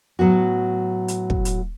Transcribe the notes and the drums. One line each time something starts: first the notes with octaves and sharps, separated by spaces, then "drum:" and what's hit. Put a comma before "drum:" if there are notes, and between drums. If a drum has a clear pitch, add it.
A2 F#3 B3 F#4
drum: hi-hat
drum: kick
drum: hi-hat